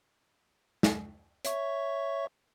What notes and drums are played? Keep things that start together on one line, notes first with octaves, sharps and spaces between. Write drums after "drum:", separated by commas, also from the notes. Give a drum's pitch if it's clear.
drum: snare
C#5 E5 C#6, drum: hi-hat